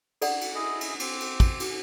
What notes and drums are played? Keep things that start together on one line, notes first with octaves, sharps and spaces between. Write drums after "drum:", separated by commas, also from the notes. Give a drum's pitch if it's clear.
A4 D5 F#5, drum: cymbal
drum: cymbal
E4 G#4 D#5
drum: cymbal
C4 D6, drum: cymbal
drum: cymbal
drum: kick, cymbal
drum: cymbal